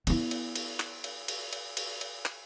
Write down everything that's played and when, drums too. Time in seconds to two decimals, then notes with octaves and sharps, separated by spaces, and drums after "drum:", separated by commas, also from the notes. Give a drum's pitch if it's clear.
0.07 B3 E4, drum: cymbal
0.31 drum: cymbal
0.56 drum: cymbal
0.80 drum: clap
1.04 drum: cymbal
1.28 drum: cymbal
1.53 drum: cymbal
1.77 drum: cymbal
2.01 drum: cymbal
2.25 drum: clap